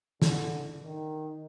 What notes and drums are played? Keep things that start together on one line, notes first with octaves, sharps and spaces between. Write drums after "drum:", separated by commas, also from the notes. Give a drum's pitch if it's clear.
D3, drum: snare
D#3